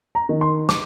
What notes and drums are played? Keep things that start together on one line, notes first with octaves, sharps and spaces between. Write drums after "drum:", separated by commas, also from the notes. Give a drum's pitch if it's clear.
A#5
D#3
C6
D6, drum: snare